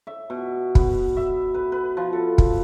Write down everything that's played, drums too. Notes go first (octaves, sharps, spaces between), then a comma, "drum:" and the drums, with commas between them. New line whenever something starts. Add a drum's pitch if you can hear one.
E5
B2
B3, drum: kick
E5
B4
B4
F3
A4
drum: kick